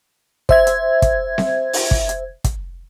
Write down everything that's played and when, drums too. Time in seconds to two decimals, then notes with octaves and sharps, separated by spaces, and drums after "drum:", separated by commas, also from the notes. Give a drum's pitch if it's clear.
0.49 C5 E5 G#6, drum: kick
0.67 drum: hi-hat
1.02 drum: kick, hi-hat
1.38 drum: snare C4
1.73 drum: open hi-hat
1.91 drum: kick
2.09 drum: hi-hat
2.44 drum: kick, hi-hat